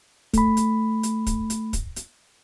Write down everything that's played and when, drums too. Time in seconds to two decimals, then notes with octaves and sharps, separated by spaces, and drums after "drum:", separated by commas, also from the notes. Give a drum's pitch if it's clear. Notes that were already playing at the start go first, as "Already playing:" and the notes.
0.34 A3 B5, drum: kick, hi-hat
0.57 drum: hi-hat
1.03 drum: hi-hat
1.27 drum: kick, hi-hat
1.50 drum: hi-hat
1.73 drum: kick, hi-hat
1.96 drum: hi-hat